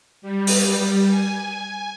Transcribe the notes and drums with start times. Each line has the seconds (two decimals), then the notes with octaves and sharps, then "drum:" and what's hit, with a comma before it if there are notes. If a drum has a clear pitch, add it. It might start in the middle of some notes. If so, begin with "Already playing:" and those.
0.22 G3
0.47 drum: open hi-hat
1.08 G#5